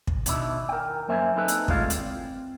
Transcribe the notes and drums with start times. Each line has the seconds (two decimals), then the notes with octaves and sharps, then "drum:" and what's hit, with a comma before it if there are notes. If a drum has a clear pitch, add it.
0.07 drum: kick
0.26 B2 D#3 D4 E4, drum: hi-hat
0.69 A#4 G5
1.08 F#2 A#3 C5 E5 G#5
1.36 C4 D#4 E4 A4 B4
1.48 drum: hi-hat
1.68 D2 A2 G#3 F4 D5 F5, drum: kick
1.90 C4, drum: hi-hat